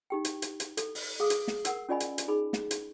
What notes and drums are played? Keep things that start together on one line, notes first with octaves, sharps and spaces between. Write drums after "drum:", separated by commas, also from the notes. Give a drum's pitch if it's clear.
D#4 G4 G5
drum: hi-hat
drum: hi-hat
drum: hi-hat
A4, drum: hi-hat
drum: open hi-hat
G#4 F5 D#6
drum: hi-hat
drum: snare
A#4 F#5 E6, drum: hi-hat
C#4 F4 D5 D#5 G#5 B5
drum: hi-hat
drum: hi-hat
D#4 G#4 B5
drum: snare
drum: hi-hat